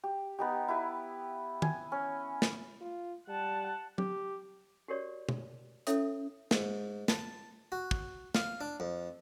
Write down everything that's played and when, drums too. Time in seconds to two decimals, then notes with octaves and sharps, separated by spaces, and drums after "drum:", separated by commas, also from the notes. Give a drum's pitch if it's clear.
0.04 G4
0.39 B3 D#4 G4
0.68 E4 G4 B4
1.62 G#5, drum: tom D#3
1.92 C#4
2.42 drum: snare
2.81 F4
3.28 G3 F#5 A5
3.98 G4, drum: tom F#3
4.88 F#4 G4 A#4 C#5 D5
5.29 drum: tom
5.87 C#4 E4 A4 C#5 E5 D#6, drum: hi-hat
6.51 G#2, drum: snare
7.08 A5, drum: snare
7.72 F#4
7.91 drum: kick
8.35 F5, drum: snare
8.61 D4
8.80 F2